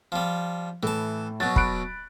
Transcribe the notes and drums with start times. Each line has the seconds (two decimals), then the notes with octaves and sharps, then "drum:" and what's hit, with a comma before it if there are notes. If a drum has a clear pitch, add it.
0.12 F3 G3
0.83 A2 E3 A5
1.40 B2 F#3 A6
1.56 B5 F#6 D7, drum: kick